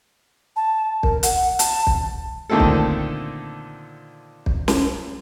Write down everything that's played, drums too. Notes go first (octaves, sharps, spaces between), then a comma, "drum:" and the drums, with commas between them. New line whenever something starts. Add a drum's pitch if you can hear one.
A5
A#4, drum: kick
F#5, drum: hi-hat
A5, drum: hi-hat
drum: kick
A#2 D3 D#3 A3 C4 A4
drum: kick
drum: kick
drum: snare